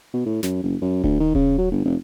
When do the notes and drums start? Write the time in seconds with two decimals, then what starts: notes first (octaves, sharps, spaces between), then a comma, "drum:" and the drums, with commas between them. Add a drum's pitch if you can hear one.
0.13 B2
0.26 A2
0.43 F#2, drum: snare
0.63 F#1
0.81 F#2
1.04 D2, drum: kick D#1
1.20 D#3
1.35 C#3, drum: kick D#1
1.58 F#3
1.71 G1
1.85 F1